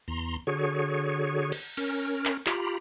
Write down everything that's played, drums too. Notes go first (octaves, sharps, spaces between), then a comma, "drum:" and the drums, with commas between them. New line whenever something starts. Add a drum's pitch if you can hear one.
E2 A#5 C6
D3 F#4 G#4 C#5
drum: cymbal
C#4 A#4, drum: cymbal
drum: clap
F4 G4 A#5 B5, drum: clap